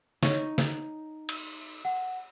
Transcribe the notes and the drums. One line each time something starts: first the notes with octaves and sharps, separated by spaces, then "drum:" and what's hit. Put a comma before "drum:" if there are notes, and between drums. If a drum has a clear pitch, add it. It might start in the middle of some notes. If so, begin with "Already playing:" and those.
D#4 C#5, drum: snare
drum: snare
drum: cymbal
F#5